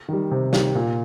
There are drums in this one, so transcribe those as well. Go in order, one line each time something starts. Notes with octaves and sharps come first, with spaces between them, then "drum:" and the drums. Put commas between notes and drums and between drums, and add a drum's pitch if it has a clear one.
D#3 G3
C3
D#3 G3, drum: snare
A#2